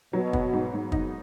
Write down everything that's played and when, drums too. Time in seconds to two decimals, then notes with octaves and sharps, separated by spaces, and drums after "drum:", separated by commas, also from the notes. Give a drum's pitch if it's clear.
0.13 B2 F#3
0.33 B3, drum: kick
0.53 G#2
0.73 G#2
0.92 D#4, drum: kick